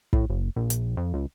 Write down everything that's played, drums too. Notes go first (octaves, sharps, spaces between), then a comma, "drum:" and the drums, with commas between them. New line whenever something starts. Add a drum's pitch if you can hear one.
A2, drum: kick
F#1
A#1
drum: hi-hat
F2
C#2